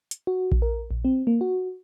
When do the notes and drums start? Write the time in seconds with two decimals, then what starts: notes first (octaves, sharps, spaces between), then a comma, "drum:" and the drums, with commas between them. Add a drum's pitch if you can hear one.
0.11 drum: hi-hat
0.27 F#4
0.52 drum: kick A#1
0.62 A#4
0.91 A#1
1.05 C4
1.27 A#3
1.41 F#4